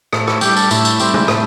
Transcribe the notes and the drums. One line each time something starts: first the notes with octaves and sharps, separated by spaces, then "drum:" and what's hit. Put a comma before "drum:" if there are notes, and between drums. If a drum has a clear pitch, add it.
A2, drum: rim click
E4, drum: rim click
G3 D4 G4, drum: tambourine
A4, drum: tambourine
A2 E4, drum: tambourine
drum: tambourine
G3 C4, drum: tambourine
drum: tom
A2, drum: rim click